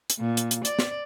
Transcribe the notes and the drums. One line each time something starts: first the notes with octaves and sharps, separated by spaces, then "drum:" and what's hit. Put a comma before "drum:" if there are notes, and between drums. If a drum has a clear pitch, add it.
drum: hi-hat
A#2
drum: hi-hat
drum: hi-hat
D5, drum: hi-hat
drum: snare